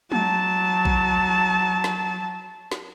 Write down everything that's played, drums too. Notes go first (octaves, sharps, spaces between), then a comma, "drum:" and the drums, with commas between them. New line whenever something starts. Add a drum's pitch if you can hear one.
F#3 A5, drum: tom
drum: kick A#1
drum: snare
drum: snare